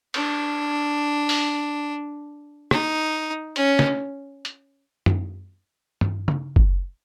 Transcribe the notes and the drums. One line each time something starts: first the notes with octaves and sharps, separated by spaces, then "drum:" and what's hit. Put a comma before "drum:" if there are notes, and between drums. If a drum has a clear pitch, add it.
D4, drum: cymbal
drum: open hi-hat
D#4, drum: rim click
C#4, drum: hi-hat
drum: snare
drum: hi-hat
drum: tom F#2
drum: tom G2
drum: tom C#3
drum: kick